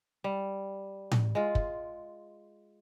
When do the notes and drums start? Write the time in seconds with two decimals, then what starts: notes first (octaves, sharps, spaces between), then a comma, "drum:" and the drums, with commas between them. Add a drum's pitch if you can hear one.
0.24 G3
1.11 drum: tom A2
1.35 G#3 F4
1.55 drum: kick